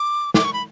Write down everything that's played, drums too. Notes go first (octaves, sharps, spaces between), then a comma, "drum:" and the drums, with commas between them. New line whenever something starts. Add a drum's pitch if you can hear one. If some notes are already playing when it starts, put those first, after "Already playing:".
Already playing: D6
D6, drum: snare
C#6
B5